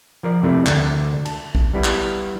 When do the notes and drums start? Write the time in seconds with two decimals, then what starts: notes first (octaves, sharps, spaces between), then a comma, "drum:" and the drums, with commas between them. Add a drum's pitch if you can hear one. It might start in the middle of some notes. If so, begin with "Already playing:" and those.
0.23 F3 A#4 D5
0.43 F2 C3 A3 E4 D5
0.66 D2 D3 D5, drum: clap
1.25 A5, drum: cymbal
1.55 drum: kick
1.74 G3 B3 E4
1.84 drum: clap